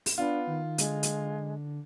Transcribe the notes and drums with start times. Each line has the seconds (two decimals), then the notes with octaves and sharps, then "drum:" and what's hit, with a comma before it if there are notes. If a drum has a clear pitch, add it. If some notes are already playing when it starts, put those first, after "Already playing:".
0.06 drum: open hi-hat
0.18 B3 D4 F4
0.47 D#3
0.78 D3 G#3, drum: hi-hat
1.03 drum: hi-hat